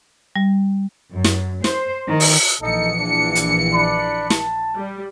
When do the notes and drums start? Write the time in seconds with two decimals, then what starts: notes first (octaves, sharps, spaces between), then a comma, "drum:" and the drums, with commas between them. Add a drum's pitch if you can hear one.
0.36 G3
1.13 F#2
1.24 drum: snare
1.64 C5, drum: snare
2.06 D#3
2.20 drum: open hi-hat
2.62 A#1 E3 D#4 A4 D#5 C#7
2.96 D4
3.35 drum: hi-hat
3.73 D4 D5 B5
4.30 A5, drum: snare
4.76 G3